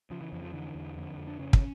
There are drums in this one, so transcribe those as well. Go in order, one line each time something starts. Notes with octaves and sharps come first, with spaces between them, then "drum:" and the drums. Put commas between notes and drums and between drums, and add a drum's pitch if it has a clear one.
C#3 F3
E3
F2 E3
F3
D3 E3
E2
F2 D3
F2
D4
C#3 C#4
drum: kick